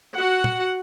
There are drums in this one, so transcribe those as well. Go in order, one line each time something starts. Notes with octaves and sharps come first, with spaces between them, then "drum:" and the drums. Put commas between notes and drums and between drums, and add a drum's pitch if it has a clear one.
F#4 F#5
drum: tom